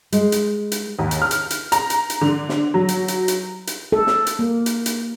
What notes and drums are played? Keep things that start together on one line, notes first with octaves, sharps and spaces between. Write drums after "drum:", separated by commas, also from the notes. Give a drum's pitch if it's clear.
G#3, drum: hi-hat
drum: hi-hat
drum: hi-hat
D#2
drum: hi-hat
F6
drum: hi-hat
drum: hi-hat
A#5, drum: hi-hat
drum: hi-hat
drum: hi-hat
D3
drum: snare
F#3
drum: hi-hat
drum: hi-hat
drum: hi-hat
drum: hi-hat
A4
drum: snare
drum: hi-hat
A#3
drum: hi-hat
drum: hi-hat